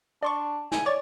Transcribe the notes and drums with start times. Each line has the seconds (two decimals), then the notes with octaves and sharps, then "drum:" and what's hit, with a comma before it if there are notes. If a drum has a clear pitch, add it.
0.23 D4 D5 C6 C#6
0.72 G#5, drum: snare
0.86 C#5 D5 C#6 A6